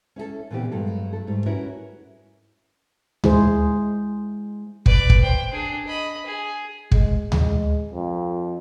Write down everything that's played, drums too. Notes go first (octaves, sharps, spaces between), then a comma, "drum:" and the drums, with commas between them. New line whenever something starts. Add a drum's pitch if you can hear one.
C#4 E4 G#4 A4
A#2 C#3 E3 B3 C4 G4
G2 F#3 G#3 A4
A3 A4
G#2 G3 A3
C#4 E4 F#4 A#4 B4 C#5
G#3 E4 G#4 C5, drum: tom D2
B4 D5, drum: kick
drum: kick
C5 G5
D4 G#4
D#5 B5
G#4
G#3, drum: kick
G#3, drum: tom D2
F2